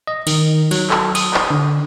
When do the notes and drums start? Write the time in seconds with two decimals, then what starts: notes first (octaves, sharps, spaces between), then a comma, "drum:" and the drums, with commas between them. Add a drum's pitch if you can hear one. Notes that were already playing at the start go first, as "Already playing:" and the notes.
0.07 D#5
0.27 D#3, drum: cymbal
0.71 F#3, drum: cymbal
0.90 A4, drum: clap
1.15 D#6, drum: cymbal
1.34 drum: clap
1.50 D3